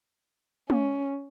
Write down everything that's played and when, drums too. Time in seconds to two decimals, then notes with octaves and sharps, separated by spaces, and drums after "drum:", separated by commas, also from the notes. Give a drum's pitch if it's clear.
0.70 C#4, drum: tom